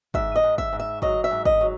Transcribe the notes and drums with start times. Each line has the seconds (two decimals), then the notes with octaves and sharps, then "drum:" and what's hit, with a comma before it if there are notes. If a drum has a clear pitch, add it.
0.14 G#2 E5, drum: kick
0.36 D#5
0.43 G#2
0.58 E5, drum: kick
0.73 G#2
0.79 E5
1.02 F#3 D#5, drum: kick
1.24 E5
1.31 G#2
1.45 D#5, drum: kick
1.61 F#3